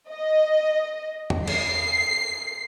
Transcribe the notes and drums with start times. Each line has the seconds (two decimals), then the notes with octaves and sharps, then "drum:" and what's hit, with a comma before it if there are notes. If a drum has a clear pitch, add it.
0.11 D#5
1.30 drum: tom E2
1.48 C7, drum: cymbal